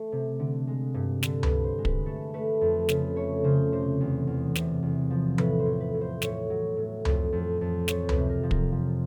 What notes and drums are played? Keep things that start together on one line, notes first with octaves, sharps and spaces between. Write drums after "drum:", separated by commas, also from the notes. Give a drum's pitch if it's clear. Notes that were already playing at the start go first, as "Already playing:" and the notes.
Already playing: A3
C3
D3
G#3
G2
D3, drum: snare
B4, drum: tom C#2
G2
C5
G#3
B4, drum: kick
A3 A4
A3 B4
F2
C#3 B4, drum: snare
A3 C#5
C#3 C5
C3 C5
E2
E2
C3, drum: snare
E2
F3
A2 B4, drum: tom E3
C5
A2
B4
A2
C5
A2 C#5, drum: snare
F#3
A2
F2, drum: tom C#2
F2
F2
F3 C#5, drum: snare
B4, drum: tom C#2
C3
A#4
F3
A#4, drum: kick
F3